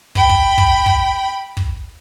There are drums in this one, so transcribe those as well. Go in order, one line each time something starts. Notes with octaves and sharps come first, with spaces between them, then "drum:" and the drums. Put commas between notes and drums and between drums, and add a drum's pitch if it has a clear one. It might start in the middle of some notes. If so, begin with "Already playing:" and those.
G5 B5, drum: kick
drum: kick
drum: kick
drum: kick
drum: kick